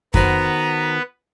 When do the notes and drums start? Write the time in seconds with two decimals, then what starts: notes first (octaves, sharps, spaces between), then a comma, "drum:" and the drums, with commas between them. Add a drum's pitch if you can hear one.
0.14 D#3 B3 F#4 B4 C5 A#5, drum: kick F2